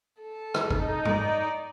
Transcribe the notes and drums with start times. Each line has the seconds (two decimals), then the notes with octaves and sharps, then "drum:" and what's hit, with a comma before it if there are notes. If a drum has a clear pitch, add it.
0.22 A4
0.54 drum: rim click
0.71 D#4, drum: kick
1.05 D5, drum: tom G#2